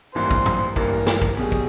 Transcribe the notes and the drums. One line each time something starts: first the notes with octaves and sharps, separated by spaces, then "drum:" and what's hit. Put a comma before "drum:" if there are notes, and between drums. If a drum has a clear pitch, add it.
A1 G2 E3 G3 A#3 C5
drum: kick
drum: tom
A1 G2 E3 G3 A#3 A#4, drum: kick
drum: snare
drum: kick
B1 B2 G3 G#4
drum: kick